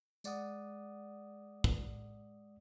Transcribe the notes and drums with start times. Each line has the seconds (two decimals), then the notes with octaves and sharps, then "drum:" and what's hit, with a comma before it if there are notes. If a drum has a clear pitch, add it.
0.24 G#3 D5 F#5 D#6, drum: tambourine
1.64 drum: kick